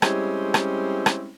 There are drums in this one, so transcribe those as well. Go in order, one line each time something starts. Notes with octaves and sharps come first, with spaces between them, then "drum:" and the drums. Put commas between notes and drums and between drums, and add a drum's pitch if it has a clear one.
G3 G#3 C4 C#4 E4, drum: rim click
drum: rim click
drum: rim click